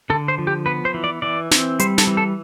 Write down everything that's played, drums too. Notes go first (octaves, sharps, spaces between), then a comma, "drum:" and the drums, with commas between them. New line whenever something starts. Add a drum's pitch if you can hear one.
D3 A4
C5
F3
G4
B3 B4
C5
E3
D5
E3 D5
C4, drum: snare
G3 C5, drum: hi-hat
A4, drum: snare
E3
A4